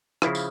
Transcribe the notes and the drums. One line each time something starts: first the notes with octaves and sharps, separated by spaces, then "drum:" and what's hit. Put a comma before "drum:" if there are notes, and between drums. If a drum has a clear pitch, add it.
C#3 F3 E4, drum: rim click
drum: tambourine